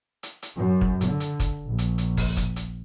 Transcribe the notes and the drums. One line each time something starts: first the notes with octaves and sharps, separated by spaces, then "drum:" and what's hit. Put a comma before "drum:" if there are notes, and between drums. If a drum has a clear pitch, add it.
drum: hi-hat
drum: hi-hat
F#2
drum: kick
D3, drum: hi-hat
drum: hi-hat
drum: kick, hi-hat
A#1
drum: hi-hat
drum: hi-hat
drum: kick, open hi-hat
drum: kick, hi-hat
drum: hi-hat